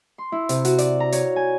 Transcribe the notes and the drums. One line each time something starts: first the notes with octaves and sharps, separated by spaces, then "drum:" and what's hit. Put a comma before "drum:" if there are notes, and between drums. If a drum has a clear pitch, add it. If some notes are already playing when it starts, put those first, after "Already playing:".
C6
E4
C3, drum: hi-hat
F#4, drum: hi-hat
D5, drum: hi-hat
A#5
C#5, drum: hi-hat
G#5